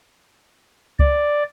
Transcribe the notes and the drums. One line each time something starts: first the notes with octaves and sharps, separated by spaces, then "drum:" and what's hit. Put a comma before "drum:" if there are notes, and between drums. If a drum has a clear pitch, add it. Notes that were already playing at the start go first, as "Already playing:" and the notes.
D5, drum: kick C#2